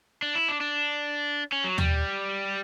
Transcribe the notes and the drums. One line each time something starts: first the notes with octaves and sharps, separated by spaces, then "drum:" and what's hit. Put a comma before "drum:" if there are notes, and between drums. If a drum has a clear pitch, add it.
D4
E4
D4
D4
C#4
F#3
G3, drum: tom